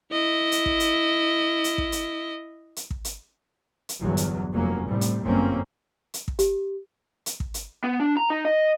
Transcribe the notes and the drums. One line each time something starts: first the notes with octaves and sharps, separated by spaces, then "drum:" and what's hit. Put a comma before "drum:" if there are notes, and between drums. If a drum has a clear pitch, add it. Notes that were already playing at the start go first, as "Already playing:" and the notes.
E4 D#5
drum: hi-hat
drum: kick
drum: hi-hat
drum: hi-hat
drum: kick
drum: hi-hat
drum: hi-hat
drum: kick
drum: hi-hat
drum: hi-hat
G1 E2 F#3
drum: hi-hat
F1 F2 F#3 A#3 C#4
A2 C3 G3
drum: hi-hat
G1 F#2 A#3 C4 C#4
drum: hi-hat
drum: kick
G4, drum: hi-hat
drum: hi-hat
drum: kick
drum: hi-hat
B3
D4
A#5
D#4
D#5